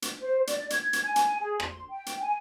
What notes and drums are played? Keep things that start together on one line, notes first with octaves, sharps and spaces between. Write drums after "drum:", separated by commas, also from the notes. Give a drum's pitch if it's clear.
drum: hi-hat
C5
D5, drum: hi-hat
G#6, drum: hi-hat
drum: hi-hat
G#5
drum: hi-hat
G#4
C6, drum: rim click
G5
drum: hi-hat
G#5